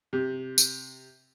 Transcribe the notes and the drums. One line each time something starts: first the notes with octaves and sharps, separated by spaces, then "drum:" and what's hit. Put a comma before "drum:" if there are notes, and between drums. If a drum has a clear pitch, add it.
C3
drum: tambourine